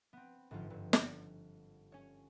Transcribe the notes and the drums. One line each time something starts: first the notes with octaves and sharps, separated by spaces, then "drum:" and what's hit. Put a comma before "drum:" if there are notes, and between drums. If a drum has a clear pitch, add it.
B3 C4
G1 G#2 F3 F4
G1 G2
drum: snare
C#4 C#5